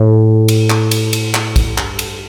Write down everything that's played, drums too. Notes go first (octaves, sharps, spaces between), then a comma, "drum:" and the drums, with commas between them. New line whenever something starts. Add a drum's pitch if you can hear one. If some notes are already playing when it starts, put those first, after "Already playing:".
Already playing: A2
drum: cymbal
drum: clap
drum: cymbal
drum: cymbal
drum: clap
drum: kick, cymbal
G2, drum: clap
drum: cymbal